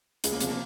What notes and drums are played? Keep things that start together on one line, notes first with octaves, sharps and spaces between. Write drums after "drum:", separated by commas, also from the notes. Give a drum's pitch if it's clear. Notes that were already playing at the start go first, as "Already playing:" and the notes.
C#2 G#3, drum: hi-hat
A#3
C3 F3 G#3, drum: hi-hat
A#3